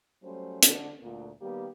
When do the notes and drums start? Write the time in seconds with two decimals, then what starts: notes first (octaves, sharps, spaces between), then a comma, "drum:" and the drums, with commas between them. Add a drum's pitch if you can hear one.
0.23 F#3 G3 A3 C#4 C5
0.63 D3, drum: hi-hat
1.02 D2 A#2
1.41 D#3 G3 A#3 B3 G4